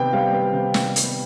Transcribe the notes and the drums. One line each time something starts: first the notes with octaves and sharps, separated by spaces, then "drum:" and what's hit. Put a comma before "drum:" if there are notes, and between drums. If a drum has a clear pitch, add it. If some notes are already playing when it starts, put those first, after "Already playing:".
Already playing: C3 B3 G5
G3 F5
B3
C3
C3, drum: snare
B3, drum: hi-hat